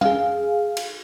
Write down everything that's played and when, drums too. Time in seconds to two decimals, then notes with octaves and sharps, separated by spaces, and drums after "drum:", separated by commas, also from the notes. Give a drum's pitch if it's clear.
0.01 G#4 F5, drum: tom G3
0.77 drum: cymbal